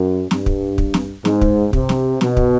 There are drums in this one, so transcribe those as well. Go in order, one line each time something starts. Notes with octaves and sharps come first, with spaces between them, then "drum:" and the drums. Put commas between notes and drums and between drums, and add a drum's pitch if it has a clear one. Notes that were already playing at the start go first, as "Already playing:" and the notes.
Already playing: F#2
G2, drum: snare
drum: kick
drum: kick
drum: snare
G#2, drum: snare
drum: kick
C3, drum: kick
drum: snare
B2, drum: snare
drum: kick